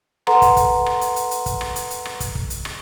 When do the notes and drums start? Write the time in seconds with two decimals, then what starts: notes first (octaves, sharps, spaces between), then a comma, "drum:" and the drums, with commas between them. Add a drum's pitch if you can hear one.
0.27 A4 B4 F#5 A#5 C6, drum: rim click
0.42 drum: kick, hi-hat
0.57 drum: kick, hi-hat
0.86 drum: rim click
1.01 drum: hi-hat
1.16 drum: hi-hat
1.31 drum: hi-hat
1.46 drum: kick, hi-hat
1.61 drum: rim click
1.76 drum: hi-hat
1.91 drum: hi-hat
2.05 drum: rim click
2.20 drum: kick, hi-hat
2.35 drum: kick
2.50 drum: hi-hat
2.65 drum: rim click